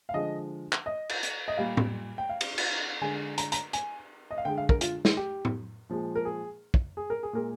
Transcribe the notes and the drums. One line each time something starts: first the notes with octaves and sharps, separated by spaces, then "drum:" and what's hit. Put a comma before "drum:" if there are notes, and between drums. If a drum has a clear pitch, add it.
F5
D3 F3 G#3 D#5
drum: clap
D#5
drum: cymbal
drum: hi-hat
D#5
A#2 G3 F5
drum: tom A2
G5
F5
drum: cymbal
drum: cymbal
D3 G#3 G#5
A#5, drum: hi-hat
A#5, drum: hi-hat
G#5, drum: hi-hat
D#5
F5
D3 G#3 G5
F5
A#4, drum: kick
F4, drum: hi-hat
drum: snare
G4
drum: tom A2
A#2 F3 G#3
A#4
G#4
drum: kick
G#4
A#4
G#4
A#2 G#3 A#4